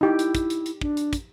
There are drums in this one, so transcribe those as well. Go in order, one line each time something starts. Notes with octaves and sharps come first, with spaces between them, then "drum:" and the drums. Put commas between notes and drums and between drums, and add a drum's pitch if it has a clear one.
D#4 E4 G4
drum: hi-hat
drum: kick, hi-hat
drum: hi-hat
drum: hi-hat
D4, drum: kick
drum: hi-hat
drum: kick, hi-hat